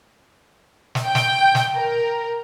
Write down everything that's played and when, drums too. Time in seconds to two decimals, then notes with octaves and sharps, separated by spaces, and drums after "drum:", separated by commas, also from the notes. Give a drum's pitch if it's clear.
0.95 drum: snare
1.05 G5
1.15 drum: snare
1.55 drum: snare
1.75 A#4